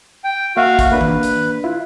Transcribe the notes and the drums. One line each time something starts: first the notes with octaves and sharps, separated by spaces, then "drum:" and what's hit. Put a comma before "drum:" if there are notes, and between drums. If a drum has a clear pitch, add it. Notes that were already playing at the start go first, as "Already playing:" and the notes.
G5
A#3 F#4 E5 F5
drum: kick G#1, hi-hat
A#3 D4 B4
drum: tom D#3
drum: hi-hat
E4 F4